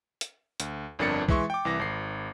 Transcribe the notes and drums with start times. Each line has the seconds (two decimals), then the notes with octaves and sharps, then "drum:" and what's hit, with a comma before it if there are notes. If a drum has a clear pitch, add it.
0.21 drum: hi-hat
0.60 D2, drum: hi-hat
0.99 G1 F2 D4 A#4 A6 C#7
1.29 E3 G#3 E5 C6 C#6, drum: kick
1.50 G5 D6
1.65 C2 E3 A#6
1.80 G#1 C7